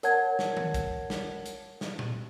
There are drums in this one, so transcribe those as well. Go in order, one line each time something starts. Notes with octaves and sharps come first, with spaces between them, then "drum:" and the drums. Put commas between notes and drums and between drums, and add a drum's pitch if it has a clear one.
A#4 C#5 F#5 A5 G#6, drum: hi-hat
drum: snare
drum: tom D#3
drum: kick, hi-hat
drum: snare
drum: hi-hat
drum: snare
drum: tom A#2